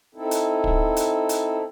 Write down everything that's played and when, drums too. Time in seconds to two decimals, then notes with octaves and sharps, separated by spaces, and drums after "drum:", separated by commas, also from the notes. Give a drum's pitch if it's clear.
0.15 C4 D#4 E4 A4
0.31 drum: hi-hat
0.64 drum: kick
0.96 drum: hi-hat
1.29 drum: hi-hat